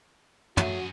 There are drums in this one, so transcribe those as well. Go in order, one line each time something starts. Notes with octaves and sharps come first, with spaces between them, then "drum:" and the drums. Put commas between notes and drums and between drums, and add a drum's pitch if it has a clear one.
F#2 F#3 A3 F#4 G#4, drum: tom